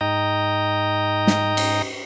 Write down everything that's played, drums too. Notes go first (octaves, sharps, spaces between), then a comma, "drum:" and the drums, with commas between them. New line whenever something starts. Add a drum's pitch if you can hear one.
G#2 D#4 D#5 G5 A#5
drum: snare
drum: cymbal